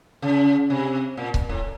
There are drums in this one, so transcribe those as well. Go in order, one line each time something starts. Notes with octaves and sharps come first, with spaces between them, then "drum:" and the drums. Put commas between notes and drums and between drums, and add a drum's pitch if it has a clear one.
C#3
C3
A#2
drum: kick C#1
A2